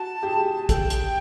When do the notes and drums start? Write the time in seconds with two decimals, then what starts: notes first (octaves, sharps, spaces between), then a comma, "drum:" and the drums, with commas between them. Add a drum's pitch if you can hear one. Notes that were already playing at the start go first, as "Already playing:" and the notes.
Already playing: F#4 A5
0.23 G4
0.26 G#4
0.64 G#5
0.69 A4 G5, drum: kick, hi-hat
0.90 drum: hi-hat